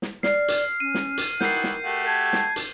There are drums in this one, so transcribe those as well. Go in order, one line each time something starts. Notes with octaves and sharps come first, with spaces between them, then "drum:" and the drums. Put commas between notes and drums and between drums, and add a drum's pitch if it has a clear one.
drum: snare
D5 F6 C7, drum: snare
drum: hi-hat
C#4 D#7
drum: snare
drum: hi-hat
D#3 E3 F#4 A#4 G6 C7, drum: snare
drum: snare
A3 F#4 G4
A5 G#6
drum: snare
drum: hi-hat